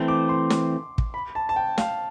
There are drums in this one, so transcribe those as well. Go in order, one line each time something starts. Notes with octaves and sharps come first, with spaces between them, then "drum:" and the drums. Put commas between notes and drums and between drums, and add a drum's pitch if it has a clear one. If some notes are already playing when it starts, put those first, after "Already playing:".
Already playing: E3 A3 C4
D6
C6
drum: snare
drum: kick
B5
A5
A5
G5
F5, drum: snare